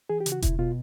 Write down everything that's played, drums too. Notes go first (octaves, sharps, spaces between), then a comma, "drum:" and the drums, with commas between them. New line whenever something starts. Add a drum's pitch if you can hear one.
E3 G#4
G4
C#3, drum: hi-hat
F#4
B2 E4, drum: kick E1, hi-hat
B2 F4